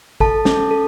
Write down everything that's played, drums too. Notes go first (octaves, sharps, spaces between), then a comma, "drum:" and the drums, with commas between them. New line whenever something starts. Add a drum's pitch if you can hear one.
A4 A5, drum: kick G#1
C#4, drum: snare
A4